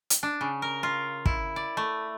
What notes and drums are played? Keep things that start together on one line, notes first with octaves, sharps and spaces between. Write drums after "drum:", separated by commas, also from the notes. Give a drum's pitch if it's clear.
drum: hi-hat
D4
C#3
A#4
F4
E4, drum: kick
D5
A3